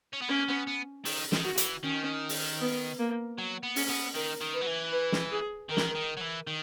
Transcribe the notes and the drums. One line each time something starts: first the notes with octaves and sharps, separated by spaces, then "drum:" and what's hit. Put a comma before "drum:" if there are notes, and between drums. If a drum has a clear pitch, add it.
C#4
B3
A#3 C#4
B3
B3
D#3, drum: open hi-hat
D#3, drum: snare
F#4
E3, drum: hi-hat
D#3 C#4
drum: open hi-hat
B3
A#3
F#3
B3
C#4, drum: open hi-hat
B3
D#3 A#4
D#3
B4
F#3
E3
B4
drum: snare
G#4
D#3 A#4
E3, drum: snare
D#3
D#3
F#3
E3
D#3